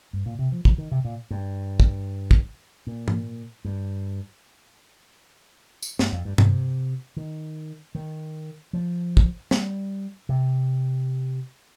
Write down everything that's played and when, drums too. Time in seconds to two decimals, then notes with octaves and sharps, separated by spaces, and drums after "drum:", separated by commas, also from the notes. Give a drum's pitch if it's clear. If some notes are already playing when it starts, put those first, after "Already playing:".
0.13 G2
0.26 A#2
0.39 C3
0.52 F3
0.65 F3, drum: kick
0.78 D#3
0.92 C3
1.05 A#2
1.31 G2
1.80 drum: kick
2.31 drum: kick
2.87 A#2
3.08 drum: tom
3.65 G2
5.82 drum: tambourine
5.99 G2, drum: snare
6.12 F2
6.25 G2
6.38 C3, drum: tom G2
7.17 D#3
7.95 D#3
8.73 F3
9.17 drum: kick
9.51 G3, drum: snare
10.29 C3